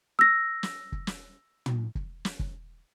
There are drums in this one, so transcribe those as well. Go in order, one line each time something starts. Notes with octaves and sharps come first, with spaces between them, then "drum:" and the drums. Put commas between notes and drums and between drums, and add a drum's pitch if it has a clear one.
E6 A#6
drum: snare
drum: kick
drum: snare
drum: tom
drum: kick
drum: snare
drum: kick